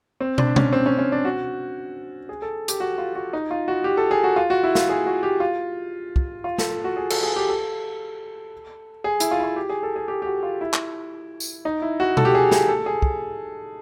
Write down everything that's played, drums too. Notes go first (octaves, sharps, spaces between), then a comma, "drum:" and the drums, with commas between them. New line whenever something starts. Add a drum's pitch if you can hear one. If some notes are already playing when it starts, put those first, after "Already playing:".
C4
D4, drum: tom
C#4, drum: tom B2
C4
C#4
C#4
D4
F#4
G#4
A4
G4, drum: hi-hat
F#4
F4
F#4
D#4
F4
F#4
G4
A4
G#4
F#4
F4
F#4
E4
F4, drum: snare
G#4
F#4
G4
F4
drum: kick
F4
A4, drum: snare
F#4
G#4
A4, drum: cymbal
G#4
G4
A4
G#4
E4, drum: hi-hat
F4
E4
F4
G4
G#4
A4
G#4
G4
G4
F#4
F4
E4
drum: clap
drum: tambourine
D#4
E4
F#4
A4, drum: tom B2
G4
G#4
G#4, drum: snare
A4
G#4
drum: kick